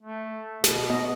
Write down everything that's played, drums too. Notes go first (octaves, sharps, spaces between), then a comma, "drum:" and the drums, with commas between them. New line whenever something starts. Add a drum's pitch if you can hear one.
A3
B2, drum: snare
B3 D#5